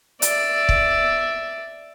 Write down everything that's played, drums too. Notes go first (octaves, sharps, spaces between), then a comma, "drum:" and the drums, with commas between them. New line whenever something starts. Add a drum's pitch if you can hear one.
D5 E5, drum: hi-hat
drum: kick